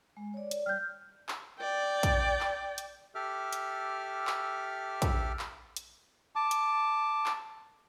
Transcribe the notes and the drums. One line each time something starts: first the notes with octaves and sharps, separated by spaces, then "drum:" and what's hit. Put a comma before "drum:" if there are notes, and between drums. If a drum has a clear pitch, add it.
G#3
C#5 D5
D5, drum: hi-hat
G3 G5 F6 G6
drum: clap
D5 G5
drum: kick, hi-hat
drum: clap
drum: hi-hat
G4 A4 E5 D6 F6
drum: hi-hat
drum: clap
drum: kick, hi-hat
drum: clap
drum: hi-hat
A5 D6
drum: hi-hat
drum: clap